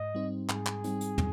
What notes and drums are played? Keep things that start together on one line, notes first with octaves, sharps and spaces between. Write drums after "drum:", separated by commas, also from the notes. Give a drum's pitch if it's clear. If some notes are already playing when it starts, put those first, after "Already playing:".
Already playing: G#2 D#5
G3 C4 D#4
G#2 G#4, drum: clap
drum: clap
G3 C4 D#4, drum: hi-hat
drum: hi-hat
drum: tom